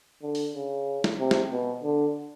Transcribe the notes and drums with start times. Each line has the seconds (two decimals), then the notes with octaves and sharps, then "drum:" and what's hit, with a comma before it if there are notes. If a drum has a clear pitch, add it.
0.22 D3
0.35 drum: open hi-hat
0.55 C#3
1.04 drum: snare
1.19 C3
1.31 drum: snare
1.52 B2
1.83 D3